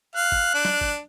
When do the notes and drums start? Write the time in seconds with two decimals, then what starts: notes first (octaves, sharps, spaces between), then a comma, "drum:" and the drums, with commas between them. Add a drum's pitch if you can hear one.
0.16 F5 F#6
0.32 drum: kick G#1
0.54 D4
0.65 drum: snare
0.81 drum: kick G#1